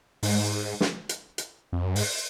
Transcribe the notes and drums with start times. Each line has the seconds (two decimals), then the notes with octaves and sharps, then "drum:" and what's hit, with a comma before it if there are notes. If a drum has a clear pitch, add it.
0.23 G#2, drum: open hi-hat
0.81 drum: snare
1.09 drum: hi-hat
1.38 drum: hi-hat
1.73 F2
1.84 F#2
1.96 G#2, drum: open hi-hat